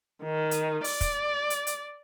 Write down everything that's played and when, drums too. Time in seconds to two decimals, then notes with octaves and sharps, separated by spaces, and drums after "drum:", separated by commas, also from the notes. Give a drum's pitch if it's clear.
0.24 D#3
0.51 drum: hi-hat
0.84 D5, drum: open hi-hat
1.01 drum: kick, hi-hat
1.50 drum: hi-hat
1.67 drum: hi-hat